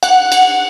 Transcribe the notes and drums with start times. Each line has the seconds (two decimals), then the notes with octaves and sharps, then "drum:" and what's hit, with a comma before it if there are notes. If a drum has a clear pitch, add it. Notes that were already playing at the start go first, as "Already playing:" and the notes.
0.03 F#5, drum: cymbal
0.32 drum: cymbal